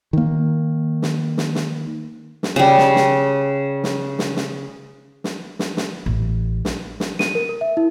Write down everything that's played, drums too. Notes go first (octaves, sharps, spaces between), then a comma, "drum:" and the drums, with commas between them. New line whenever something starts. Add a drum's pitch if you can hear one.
D#3 A#3
drum: snare
drum: snare
drum: snare
drum: snare
C#3 G3
drum: snare
drum: snare
drum: snare
drum: snare
drum: snare
drum: snare
drum: snare
drum: snare
A1
drum: snare
drum: snare
D#7, drum: snare
A#4
A#4
E5
E4